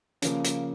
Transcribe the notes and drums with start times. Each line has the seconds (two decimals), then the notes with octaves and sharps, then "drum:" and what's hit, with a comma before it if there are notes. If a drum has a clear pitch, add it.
0.22 C#3 F3 A#3, drum: hi-hat
0.44 drum: hi-hat